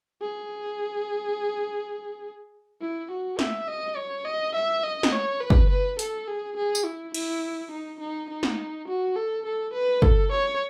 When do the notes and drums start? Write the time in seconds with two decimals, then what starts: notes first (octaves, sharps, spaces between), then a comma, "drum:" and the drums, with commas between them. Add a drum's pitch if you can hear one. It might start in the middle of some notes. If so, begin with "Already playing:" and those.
0.22 G#4
2.81 E4
3.11 F#4
3.39 E5, drum: snare
3.68 D#5
3.96 C#5
4.25 D#5
4.55 E5
4.83 D#5
5.03 drum: snare
5.13 C#5
5.41 B4
5.50 drum: kick
5.70 B4
5.99 A4, drum: hi-hat
6.28 G#4
6.57 G#4
6.75 drum: tambourine
6.85 E4
7.14 E4, drum: cymbal
7.71 D#4
8.00 D#4
8.30 D#4
8.43 drum: snare
8.88 F#4
9.16 A4
9.46 A4
9.74 B4
10.02 A4, drum: kick
10.32 C#5